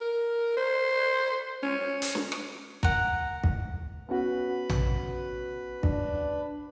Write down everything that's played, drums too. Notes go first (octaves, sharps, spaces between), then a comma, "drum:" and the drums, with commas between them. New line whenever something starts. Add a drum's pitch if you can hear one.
A#4
C5
C#4
drum: hi-hat
drum: snare
drum: rim click
A#4 F#5, drum: kick
drum: kick
B3 C#4 F#4 B4
drum: tom A#1
D4, drum: kick